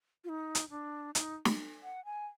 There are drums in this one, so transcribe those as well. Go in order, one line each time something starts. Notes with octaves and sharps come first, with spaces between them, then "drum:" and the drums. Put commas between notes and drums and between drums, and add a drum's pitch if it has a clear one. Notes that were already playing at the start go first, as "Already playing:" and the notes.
F4
D#4
drum: hi-hat
D4
D#4, drum: hi-hat
drum: snare
F#5
G#5